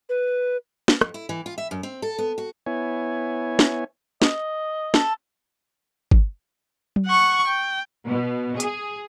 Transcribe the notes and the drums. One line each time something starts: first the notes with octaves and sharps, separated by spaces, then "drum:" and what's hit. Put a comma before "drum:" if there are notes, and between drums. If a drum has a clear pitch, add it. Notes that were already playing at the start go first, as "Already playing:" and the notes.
B4
drum: snare
F2, drum: rim click
E4
E3
F4
E5
F#2
C4
A4
B3
F#4
B3 E4 C#5 G#5
drum: snare
D#5, drum: snare
A4, drum: snare
drum: kick G1
drum: tom F#3
F#5 C#6
G5
B2
G#4, drum: hi-hat